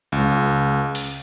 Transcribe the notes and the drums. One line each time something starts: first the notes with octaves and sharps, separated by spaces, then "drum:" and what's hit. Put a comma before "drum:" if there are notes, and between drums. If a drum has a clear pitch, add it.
C#2
drum: open hi-hat